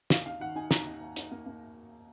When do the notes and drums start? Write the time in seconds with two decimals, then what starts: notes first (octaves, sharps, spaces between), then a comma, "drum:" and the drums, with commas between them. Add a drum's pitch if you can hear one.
0.10 D#2 F5, drum: snare
0.26 D#4 F5
0.40 D#3 F#5
0.56 D#4 G#5
0.71 D#2 A#5, drum: snare
0.87 D#4
1.01 D#2
1.16 D#4, drum: hi-hat
1.31 A#3
1.46 A#3